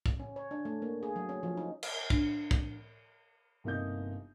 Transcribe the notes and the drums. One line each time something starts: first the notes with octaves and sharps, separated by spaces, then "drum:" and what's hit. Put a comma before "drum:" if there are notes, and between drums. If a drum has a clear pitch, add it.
drum: kick
C#4
C#5
D4
A3
A#3
G#4
F#3
C#4
F3
D#4
drum: cymbal
D4, drum: kick
drum: kick
G1 C3 A#3 D#4 D#5 G6